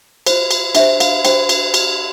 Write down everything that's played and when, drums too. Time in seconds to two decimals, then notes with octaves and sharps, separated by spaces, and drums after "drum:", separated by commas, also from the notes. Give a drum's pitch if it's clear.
0.27 F4 C5, drum: cymbal
0.51 drum: cymbal
0.75 D4 G4 C5 E5, drum: cymbal
1.00 F5, drum: cymbal
1.25 D4 G4 C5 G5, drum: cymbal
1.49 drum: cymbal
1.74 drum: cymbal